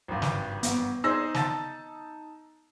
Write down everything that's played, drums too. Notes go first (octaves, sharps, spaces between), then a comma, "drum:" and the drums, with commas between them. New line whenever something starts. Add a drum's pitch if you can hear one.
G#1 G2
drum: snare
B3, drum: hi-hat
D#4 G#4 C5 D5 E6 A#6
A5 A6, drum: snare